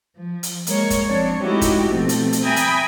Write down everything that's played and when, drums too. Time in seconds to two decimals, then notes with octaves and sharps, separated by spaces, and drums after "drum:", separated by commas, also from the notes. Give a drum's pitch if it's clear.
0.15 F3
0.43 drum: hi-hat
0.67 G#3 A#3 C#5, drum: hi-hat
0.90 drum: kick, hi-hat
1.06 F3 C4 D4 C#5
1.41 G#3 A3 D#4 E4 F#4 G4
1.61 drum: kick, hi-hat
1.88 B2 F3 A3 C4
2.09 drum: hi-hat
2.33 drum: hi-hat
2.44 E5 G5 G#5 A#5 B5 D#6
2.56 drum: hi-hat